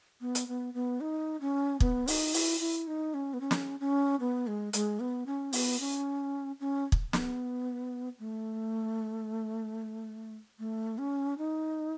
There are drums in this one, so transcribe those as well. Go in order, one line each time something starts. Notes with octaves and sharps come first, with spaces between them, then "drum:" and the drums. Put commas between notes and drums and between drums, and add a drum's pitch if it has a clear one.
B3
drum: hi-hat
B3
B3
D#4
C#4
B3, drum: kick
D#4, drum: open hi-hat
E4, drum: open hi-hat
E4
D#4
C#4
B3
C#4
drum: snare
C#4
B3
G#3
G#3, drum: hi-hat
B3
C#4
B3, drum: open hi-hat
C#4
C#4
drum: kick
B3, drum: snare
A3
A3
C#4
D#4